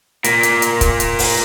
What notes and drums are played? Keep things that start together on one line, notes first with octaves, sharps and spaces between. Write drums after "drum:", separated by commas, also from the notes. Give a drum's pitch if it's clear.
A#2, drum: hi-hat
drum: hi-hat
drum: hi-hat
drum: kick, hi-hat
drum: hi-hat
drum: open hi-hat